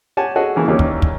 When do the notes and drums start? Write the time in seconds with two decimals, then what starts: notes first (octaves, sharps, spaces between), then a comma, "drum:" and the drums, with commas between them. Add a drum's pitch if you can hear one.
0.17 G4 C#5 F#5 G#5 A5
0.36 F#4 G#4 A4 C#5 D#5
0.56 C#3 E3 A#3
0.68 D#2 E3 G3 A#3 C#4 D6
0.79 drum: kick
1.02 drum: kick